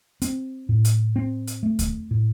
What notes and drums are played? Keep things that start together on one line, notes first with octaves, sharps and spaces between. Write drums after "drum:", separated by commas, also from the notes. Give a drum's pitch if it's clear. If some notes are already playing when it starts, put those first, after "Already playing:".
C4, drum: hi-hat
A2
drum: hi-hat
C4
drum: hi-hat
A3
drum: kick D2, hi-hat
A2